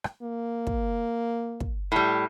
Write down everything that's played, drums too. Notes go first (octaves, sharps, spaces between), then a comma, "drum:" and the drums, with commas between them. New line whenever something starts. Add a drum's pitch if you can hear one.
drum: rim click
A#3
drum: kick
drum: kick
A2 G3